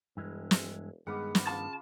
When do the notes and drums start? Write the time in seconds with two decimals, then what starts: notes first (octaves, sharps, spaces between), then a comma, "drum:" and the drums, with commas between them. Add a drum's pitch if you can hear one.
0.17 E1 G2 E3 G#3
0.51 drum: snare
1.07 G2 D#3 G#3 B3 F#5 B5 D6
1.35 drum: snare
1.47 C#3 F4 A5